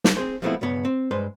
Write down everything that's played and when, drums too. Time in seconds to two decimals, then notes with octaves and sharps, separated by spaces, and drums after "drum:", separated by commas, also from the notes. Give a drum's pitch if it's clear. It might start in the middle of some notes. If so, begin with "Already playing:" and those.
0.04 drum: snare
0.17 C4 G#4 C5
0.42 F3 G#3 A3 B3 C4 E4
0.61 B1 G2 C#3 B3 C#5
0.85 C4
1.11 G2 G#3 B4 C5